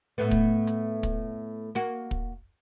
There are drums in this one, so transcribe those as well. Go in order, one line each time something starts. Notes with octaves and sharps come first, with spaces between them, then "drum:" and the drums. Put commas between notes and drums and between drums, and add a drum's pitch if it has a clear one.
A2 A3 B3
drum: kick, hi-hat
drum: hi-hat
drum: kick, hi-hat
A#3 F#4, drum: hi-hat
drum: kick